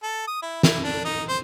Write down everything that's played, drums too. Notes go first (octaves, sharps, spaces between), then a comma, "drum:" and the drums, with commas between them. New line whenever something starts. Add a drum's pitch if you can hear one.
A4
D#6
E4
E4, drum: snare
D4
D#4
C5